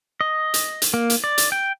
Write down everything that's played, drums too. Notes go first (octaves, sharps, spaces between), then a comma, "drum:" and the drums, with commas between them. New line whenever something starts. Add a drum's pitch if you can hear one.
D#5
drum: hi-hat
drum: hi-hat
A#3
drum: hi-hat
D5
drum: hi-hat
G5